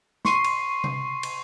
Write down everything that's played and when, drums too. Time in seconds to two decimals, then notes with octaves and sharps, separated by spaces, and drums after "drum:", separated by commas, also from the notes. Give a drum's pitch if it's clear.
0.25 C6 C#6 C7 D#7, drum: snare
0.44 drum: cymbal
0.84 drum: tom C3
1.23 drum: cymbal